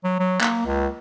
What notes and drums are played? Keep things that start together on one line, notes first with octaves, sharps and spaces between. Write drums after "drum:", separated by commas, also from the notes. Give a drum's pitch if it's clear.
F#3
F#3
A#3, drum: clap
C#2